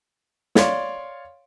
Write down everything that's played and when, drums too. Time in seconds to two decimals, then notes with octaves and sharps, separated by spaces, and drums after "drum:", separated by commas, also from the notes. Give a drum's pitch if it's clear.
0.55 C#5 D5 F5 C6, drum: snare